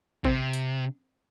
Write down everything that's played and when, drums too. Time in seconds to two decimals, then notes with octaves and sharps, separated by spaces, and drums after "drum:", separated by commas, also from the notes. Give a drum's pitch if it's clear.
0.24 C3 C4, drum: kick
0.53 drum: hi-hat